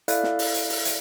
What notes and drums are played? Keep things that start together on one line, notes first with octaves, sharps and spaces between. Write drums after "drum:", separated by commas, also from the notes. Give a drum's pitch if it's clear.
E4 A4 D5 E5 F5 F#6, drum: hi-hat
drum: snare
drum: open hi-hat
drum: hi-hat
drum: open hi-hat
drum: hi-hat